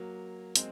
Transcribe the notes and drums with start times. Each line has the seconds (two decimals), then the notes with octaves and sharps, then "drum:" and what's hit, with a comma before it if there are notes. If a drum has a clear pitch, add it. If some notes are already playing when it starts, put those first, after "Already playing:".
Already playing: F#3 A#3
0.56 G#3 C4, drum: hi-hat